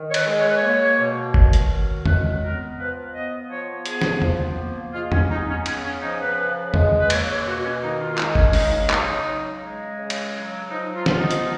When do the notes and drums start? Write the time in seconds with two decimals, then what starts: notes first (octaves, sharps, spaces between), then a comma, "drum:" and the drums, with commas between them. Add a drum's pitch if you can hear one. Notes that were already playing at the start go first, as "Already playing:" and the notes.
Already playing: D#3
0.09 C#5
0.14 B4, drum: cymbal
0.26 G#3
0.37 C#5
0.47 B4
0.55 C#5
0.61 A#3
0.98 B2
1.34 D#3, drum: kick G1
1.53 drum: hi-hat
1.70 F#3
2.06 G#3 B4, drum: tom E2
2.42 B3 A#4
2.78 F3 B4
3.13 B3 D#5
3.50 F3 C#5
3.86 B3 G#4, drum: hi-hat
4.01 drum: snare
4.22 F3, drum: tom E2
4.57 A#3
4.94 G#3 F4
5.12 C#4, drum: tom E2
5.30 B3 D#4
5.48 C#4
5.66 C#3 C#4, drum: cymbal
5.84 C#4
6.01 F3 D#4
6.20 B4
6.38 C#3
6.74 G#3, drum: tom E2
6.99 B4
7.10 A#3 C#5, drum: cymbal
7.28 C#5
7.46 B2 F#4
7.63 C#4
7.82 D#3 D#4
8.01 F4
8.12 F4
8.18 G#3 D#4, drum: clap
8.35 C#4, drum: kick G1
8.49 C#4
8.53 C#3 D#4, drum: open hi-hat
8.90 F#3 D#4, drum: clap
9.26 C#3
9.63 G#3
9.98 C#3
10.10 drum: cymbal
10.34 F#3
10.70 F3 D#4
10.94 F4
11.06 B3 F4, drum: snare
11.18 D#4
11.31 drum: hi-hat
11.42 G#3